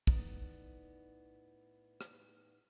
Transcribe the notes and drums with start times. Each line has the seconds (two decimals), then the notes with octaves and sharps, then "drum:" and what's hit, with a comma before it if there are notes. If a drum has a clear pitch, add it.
0.07 A2 B3 D#4 D5 A#5, drum: kick
2.01 drum: rim click